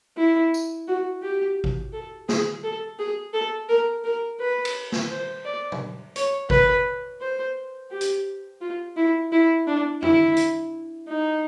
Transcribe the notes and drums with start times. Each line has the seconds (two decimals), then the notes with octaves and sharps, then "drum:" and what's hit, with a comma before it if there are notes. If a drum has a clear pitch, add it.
0.17 E4
0.54 drum: tambourine
0.88 F#4
1.22 G4
1.64 drum: kick G#1
1.93 A4
2.29 G#4, drum: snare
2.64 A4
2.99 G#4
3.34 A4
3.69 A#4
4.04 A#4
4.40 B4
4.65 drum: cymbal
4.92 drum: snare
5.10 C5
5.45 D5
5.72 drum: tom B2
6.16 C#5, drum: hi-hat
6.50 B4, drum: kick G#1
7.21 C5
7.91 G4
8.01 drum: hi-hat
8.61 F4
8.96 E4
9.32 E4
9.67 D4
10.02 E4, drum: tom E2
10.36 drum: hi-hat
11.08 D#4